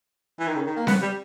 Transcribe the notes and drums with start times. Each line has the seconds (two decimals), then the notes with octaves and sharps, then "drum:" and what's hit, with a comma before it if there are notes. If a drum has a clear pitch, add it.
0.39 E3
0.47 D#3
0.56 C#3
0.67 D#3
0.77 A#3
0.87 B3, drum: snare C4
1.02 G3